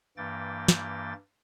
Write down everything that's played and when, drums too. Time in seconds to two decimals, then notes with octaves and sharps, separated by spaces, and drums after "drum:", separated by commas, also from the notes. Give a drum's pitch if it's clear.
0.17 G2 E3 A#3 G5 A6
0.68 drum: snare